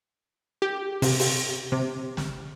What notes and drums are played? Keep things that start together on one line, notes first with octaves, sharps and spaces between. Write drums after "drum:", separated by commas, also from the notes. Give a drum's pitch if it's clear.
G4
C3, drum: open hi-hat
drum: open hi-hat
C3
drum: snare